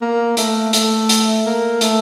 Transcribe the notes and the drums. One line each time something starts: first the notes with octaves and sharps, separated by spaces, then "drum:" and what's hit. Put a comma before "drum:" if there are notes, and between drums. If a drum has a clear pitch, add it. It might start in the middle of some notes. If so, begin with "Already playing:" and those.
A#3
A3, drum: hi-hat
A3, drum: hi-hat
drum: hi-hat
A#3
A3, drum: hi-hat